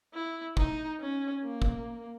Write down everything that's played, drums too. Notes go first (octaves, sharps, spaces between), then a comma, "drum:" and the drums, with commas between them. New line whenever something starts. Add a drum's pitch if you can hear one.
E4
D#4, drum: kick
C#4
A#3
drum: kick